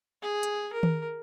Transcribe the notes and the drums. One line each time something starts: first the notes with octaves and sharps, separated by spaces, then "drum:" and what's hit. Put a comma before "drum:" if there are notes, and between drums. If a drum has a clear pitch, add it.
G#4
drum: hi-hat
A#4
drum: tom D#3